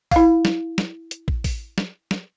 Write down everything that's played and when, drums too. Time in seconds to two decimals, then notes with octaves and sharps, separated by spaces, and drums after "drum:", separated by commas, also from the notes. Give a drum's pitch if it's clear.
0.11 E4 F5, drum: kick, open hi-hat
0.45 drum: snare
0.78 drum: snare
1.11 drum: hi-hat
1.28 drum: kick
1.44 drum: kick, open hi-hat
1.78 drum: snare
2.11 drum: snare